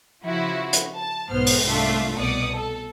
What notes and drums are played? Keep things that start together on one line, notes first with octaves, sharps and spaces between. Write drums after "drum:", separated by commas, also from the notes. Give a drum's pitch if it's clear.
C#3 F3 E4 F#4
drum: hi-hat
A5
B1 G#2 B3 C5 F6
drum: open hi-hat
C2 G#2 A3 D4 F4 E5
C2 B2 D5 D#6 C#7
A4